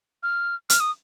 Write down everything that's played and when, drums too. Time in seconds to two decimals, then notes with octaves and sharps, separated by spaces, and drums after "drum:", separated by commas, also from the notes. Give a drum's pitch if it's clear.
0.23 F6
0.70 F6, drum: hi-hat
0.80 D#6